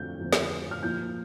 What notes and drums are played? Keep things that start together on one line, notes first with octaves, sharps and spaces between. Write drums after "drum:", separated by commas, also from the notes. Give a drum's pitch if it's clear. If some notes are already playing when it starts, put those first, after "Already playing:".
Already playing: F2 D3 A3 C4 G6
F2 D3 A3 C4
drum: snare
F6
A#2 F3 A#3 G6